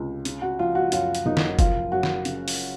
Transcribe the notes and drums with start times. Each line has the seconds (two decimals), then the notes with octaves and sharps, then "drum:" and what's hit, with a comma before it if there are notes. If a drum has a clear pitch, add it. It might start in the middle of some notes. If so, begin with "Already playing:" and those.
Already playing: C#2 C3
0.25 C#3, drum: hi-hat
0.42 F#4
0.59 F3 F4
0.75 F#4
0.92 F#2 F4, drum: hi-hat
1.15 drum: hi-hat
1.26 F#1 D#4
1.37 drum: snare
1.59 F3 F4, drum: kick F#1, hi-hat
1.92 F#2 F#4
2.03 drum: snare
2.25 C#3, drum: hi-hat
2.48 drum: open hi-hat